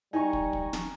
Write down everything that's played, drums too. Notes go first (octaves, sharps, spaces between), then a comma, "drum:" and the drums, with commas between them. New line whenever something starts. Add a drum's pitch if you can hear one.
G3 D#4 G#5 A#5 C#6
drum: kick
drum: kick
drum: snare